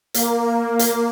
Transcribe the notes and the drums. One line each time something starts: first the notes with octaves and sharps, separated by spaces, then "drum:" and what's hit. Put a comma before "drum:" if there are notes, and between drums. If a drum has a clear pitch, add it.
A#3, drum: hi-hat
drum: hi-hat